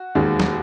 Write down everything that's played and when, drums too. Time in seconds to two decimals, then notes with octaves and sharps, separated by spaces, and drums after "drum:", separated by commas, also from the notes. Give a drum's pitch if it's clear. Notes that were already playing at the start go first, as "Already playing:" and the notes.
Already playing: F#4
0.15 E1 D#2 D#3 G#3
0.40 drum: snare